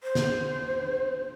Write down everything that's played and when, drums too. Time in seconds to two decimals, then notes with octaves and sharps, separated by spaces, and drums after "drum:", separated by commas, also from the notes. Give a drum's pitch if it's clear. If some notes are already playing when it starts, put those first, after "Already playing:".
0.03 C5
0.15 drum: snare